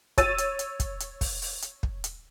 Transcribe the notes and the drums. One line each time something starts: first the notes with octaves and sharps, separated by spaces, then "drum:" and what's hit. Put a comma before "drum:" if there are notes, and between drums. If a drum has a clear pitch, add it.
C#5 E6 A6 D#7, drum: kick, hi-hat
drum: hi-hat
drum: hi-hat
drum: kick, hi-hat
drum: hi-hat
drum: kick, open hi-hat
drum: open hi-hat
drum: hi-hat
drum: kick
drum: hi-hat